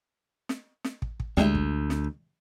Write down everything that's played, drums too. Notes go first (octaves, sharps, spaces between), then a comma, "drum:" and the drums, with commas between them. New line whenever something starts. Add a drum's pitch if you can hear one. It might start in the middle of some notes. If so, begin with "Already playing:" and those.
drum: snare
drum: snare
drum: kick
drum: kick
D2 G3 G#3 E4, drum: snare
drum: kick
drum: snare